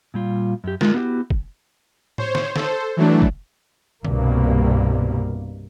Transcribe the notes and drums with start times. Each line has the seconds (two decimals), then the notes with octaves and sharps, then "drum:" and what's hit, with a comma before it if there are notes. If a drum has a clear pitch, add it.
0.14 A#2 G3 F4
0.64 F#2 G4
0.81 G#3 F4 A#4, drum: snare
0.94 B3 E4 F#4 G4
1.30 drum: kick
2.18 C5 C#5, drum: tom A2
2.35 drum: snare
2.56 A4 C5, drum: snare
2.97 E3 F#3 A3 D4
3.22 drum: kick
4.05 C2 G2 B2 A#3, drum: tom D3